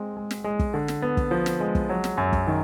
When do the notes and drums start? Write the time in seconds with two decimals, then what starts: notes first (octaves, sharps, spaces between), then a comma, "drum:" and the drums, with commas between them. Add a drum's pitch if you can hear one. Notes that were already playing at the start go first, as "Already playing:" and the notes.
Already playing: G#3 C4
0.17 G#3
0.31 drum: snare
0.44 G#3
0.59 drum: kick
0.74 D3
0.88 drum: snare
1.02 B3
1.17 drum: kick
1.31 F3
1.46 drum: snare
1.60 G#3
1.75 drum: kick
1.89 F#3
2.04 drum: snare
2.18 F#2
2.33 drum: kick
2.47 D#3